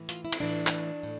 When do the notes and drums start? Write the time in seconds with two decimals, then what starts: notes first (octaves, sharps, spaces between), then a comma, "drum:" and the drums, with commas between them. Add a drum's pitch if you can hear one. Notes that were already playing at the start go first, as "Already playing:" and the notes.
Already playing: A2 E3
0.09 F4, drum: hi-hat
0.25 E4
0.32 C4, drum: cymbal
0.40 A2 E3 D4
0.67 drum: clap
1.03 A2